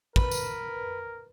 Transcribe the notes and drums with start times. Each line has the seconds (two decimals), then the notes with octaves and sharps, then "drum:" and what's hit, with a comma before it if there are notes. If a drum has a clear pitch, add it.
0.16 A#4 B4, drum: kick
0.31 drum: tambourine